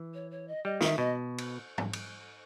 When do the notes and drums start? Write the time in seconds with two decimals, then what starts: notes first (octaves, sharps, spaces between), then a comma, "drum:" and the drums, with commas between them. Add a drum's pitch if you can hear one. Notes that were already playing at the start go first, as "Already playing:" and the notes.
Already playing: E3
0.14 C#5
0.31 C#5
0.48 D#5
0.64 G3 D#5
0.81 D#3 E5, drum: snare
0.98 B2 D#5
1.38 drum: cymbal
1.78 drum: tom
1.93 drum: cymbal